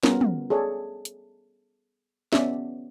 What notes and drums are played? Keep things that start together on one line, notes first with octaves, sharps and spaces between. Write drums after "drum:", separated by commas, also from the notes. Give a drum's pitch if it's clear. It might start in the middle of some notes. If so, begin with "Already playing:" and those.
G3 B3 C#4 F4 A#4, drum: snare
drum: tom
G#4 A4 C#5 D5
drum: hi-hat
B3 C#4 D5 E5, drum: snare